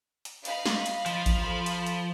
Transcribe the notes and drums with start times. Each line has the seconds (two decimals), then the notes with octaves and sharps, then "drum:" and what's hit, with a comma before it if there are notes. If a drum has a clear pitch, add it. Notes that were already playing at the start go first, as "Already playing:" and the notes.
0.25 drum: hi-hat
0.45 D#5 F5 B5, drum: hi-hat
0.66 drum: snare
0.86 drum: hi-hat
1.06 F3, drum: hi-hat
1.26 drum: kick A1, hi-hat
1.40 A4 F5 B5
1.66 drum: hi-hat
1.86 drum: hi-hat